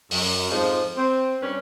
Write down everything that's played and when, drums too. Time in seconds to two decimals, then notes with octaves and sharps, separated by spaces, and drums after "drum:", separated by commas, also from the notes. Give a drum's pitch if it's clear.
0.11 F#2, drum: open hi-hat
0.51 F2 G#2 F3
0.97 C4
1.41 G2 C#4 D4 B4